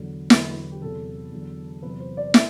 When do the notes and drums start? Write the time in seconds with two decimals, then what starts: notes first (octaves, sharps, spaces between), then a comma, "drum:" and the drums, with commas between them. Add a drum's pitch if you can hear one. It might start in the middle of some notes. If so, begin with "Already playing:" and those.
Already playing: E2 D3 F#3
0.30 E2 D3 F#3 B4, drum: snare
0.71 G4
0.82 E2 C3 F#3 A4
1.31 E2 D3 F#3
1.82 E2 C3 F#3 B4
2.00 C5
2.17 D5
2.34 E5, drum: snare